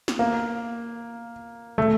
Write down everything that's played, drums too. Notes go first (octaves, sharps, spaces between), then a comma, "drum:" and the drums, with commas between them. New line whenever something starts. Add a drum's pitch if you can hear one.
drum: snare
A#3
A3, drum: tom